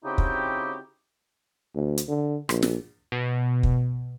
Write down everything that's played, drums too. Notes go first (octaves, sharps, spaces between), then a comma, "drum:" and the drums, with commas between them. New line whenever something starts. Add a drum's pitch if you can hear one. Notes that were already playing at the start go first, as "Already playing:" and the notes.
C#3 C4 D#4 E4 F#4 G4
drum: kick
D2
drum: hi-hat
D3
A#1, drum: rim click
drum: snare
B2
drum: kick